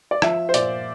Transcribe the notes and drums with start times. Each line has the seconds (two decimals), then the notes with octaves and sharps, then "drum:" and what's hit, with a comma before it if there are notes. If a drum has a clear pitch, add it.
0.11 D5
0.22 F3 E5, drum: rim click
0.49 C5
0.54 A#2 D5, drum: hi-hat